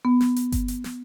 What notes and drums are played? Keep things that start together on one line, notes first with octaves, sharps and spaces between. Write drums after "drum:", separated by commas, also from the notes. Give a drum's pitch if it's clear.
B3
drum: snare
drum: hi-hat
drum: kick G1, hi-hat
drum: hi-hat
drum: snare